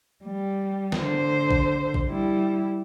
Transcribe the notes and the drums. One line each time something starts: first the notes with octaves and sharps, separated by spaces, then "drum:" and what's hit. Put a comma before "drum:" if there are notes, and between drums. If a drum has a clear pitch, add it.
G3
drum: snare
D3 C5
drum: kick
drum: kick
G3 E4